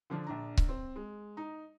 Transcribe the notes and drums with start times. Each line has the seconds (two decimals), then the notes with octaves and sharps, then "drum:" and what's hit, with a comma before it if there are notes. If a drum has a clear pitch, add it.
0.10 D3 F3 D4
0.27 A#1 D4 A#5
0.57 drum: kick C#1
0.69 C4
0.96 G#3
1.37 D#4 A#5